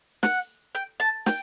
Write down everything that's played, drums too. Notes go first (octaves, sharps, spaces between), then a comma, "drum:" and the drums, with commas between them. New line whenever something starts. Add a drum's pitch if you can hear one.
F#5, drum: snare
G5
A5
G5, drum: snare